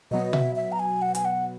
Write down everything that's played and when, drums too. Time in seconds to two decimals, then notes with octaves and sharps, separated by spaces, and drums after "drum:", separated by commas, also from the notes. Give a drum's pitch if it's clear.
0.11 B2 F#3 B3 D#5
0.33 E5, drum: tom B2
0.56 E5
0.72 A#5
0.79 G#5
1.02 F#5
1.15 G#5, drum: hi-hat
1.25 F#5